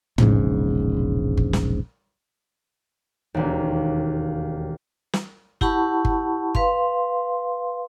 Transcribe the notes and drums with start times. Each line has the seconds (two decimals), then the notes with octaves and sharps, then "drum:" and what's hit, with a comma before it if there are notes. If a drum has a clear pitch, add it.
0.18 E1 A#1 G#2 C#3, drum: tom
1.37 drum: kick G1
1.53 drum: snare
3.34 E1 D#2
5.13 drum: snare
5.61 E4 G4 F#5 A5 B5 C#6, drum: kick G1
6.05 drum: kick G1
6.55 B4 F5 C6, drum: kick G1